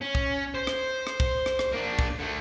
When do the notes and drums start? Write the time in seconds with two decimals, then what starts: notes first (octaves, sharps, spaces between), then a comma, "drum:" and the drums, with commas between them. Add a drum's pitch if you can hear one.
0.01 C#4
0.15 drum: kick
0.55 C5
0.67 drum: rim click
1.07 drum: rim click
1.20 drum: kick
1.46 drum: rim click
1.59 drum: rim click
1.72 A#3 D4
1.99 drum: kick
2.19 D3 A3